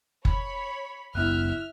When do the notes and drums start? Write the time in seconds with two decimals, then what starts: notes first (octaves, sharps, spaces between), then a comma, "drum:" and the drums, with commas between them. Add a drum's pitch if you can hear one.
0.25 C#5 B5, drum: kick F#1
1.15 F#1 B3 E4 E5 F6 F#6